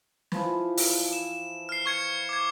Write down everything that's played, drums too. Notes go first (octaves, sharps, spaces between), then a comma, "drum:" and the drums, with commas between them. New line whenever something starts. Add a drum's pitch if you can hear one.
E3 F3 E4, drum: snare
drum: open hi-hat
E7
F6 C7
C#6 G#6 C#7
D6 G#6